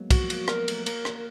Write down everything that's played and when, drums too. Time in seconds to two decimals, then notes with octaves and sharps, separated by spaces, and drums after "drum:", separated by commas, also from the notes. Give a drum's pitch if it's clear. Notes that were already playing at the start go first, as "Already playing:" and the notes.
Already playing: F#3 G#3 A#3 B3
0.10 F3 F#4, drum: kick, cymbal
0.30 A#3, drum: cymbal
0.48 B3 A#4, drum: rim click
0.68 A3, drum: cymbal
0.86 A#3 A#4, drum: cymbal
1.05 drum: rim click